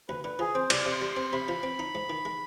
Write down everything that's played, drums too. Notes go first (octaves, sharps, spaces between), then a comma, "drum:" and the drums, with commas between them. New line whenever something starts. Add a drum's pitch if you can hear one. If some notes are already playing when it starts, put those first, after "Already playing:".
D2 B4
D3 B4
F3 G#4
C4 C5
C2 D5, drum: cymbal
C3
C6
G3
C4 C6
C3 B5
F3
C4
D#4
G#2
D#3
G#3